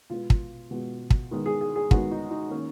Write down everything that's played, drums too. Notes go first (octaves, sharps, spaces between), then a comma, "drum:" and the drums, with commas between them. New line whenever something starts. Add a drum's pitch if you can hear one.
B2 G#3 B3 F4
drum: kick
B2 G#3 B3
drum: kick
D#3 G#3 B3
G#4
G#4
G#4
D#3 G#3 B3 F#4, drum: kick
D#4
D#4
D#3 A#3 C#4